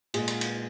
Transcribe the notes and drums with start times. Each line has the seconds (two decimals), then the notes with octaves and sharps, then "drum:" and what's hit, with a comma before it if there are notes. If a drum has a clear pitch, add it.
0.14 A#2 G#3 G#4, drum: cymbal
0.28 drum: cymbal
0.41 drum: cymbal